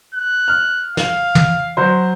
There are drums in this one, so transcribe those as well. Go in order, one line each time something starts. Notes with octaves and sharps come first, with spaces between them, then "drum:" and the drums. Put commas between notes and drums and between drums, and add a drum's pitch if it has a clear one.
F#6
F6
F5, drum: snare
drum: tom
F#3 C5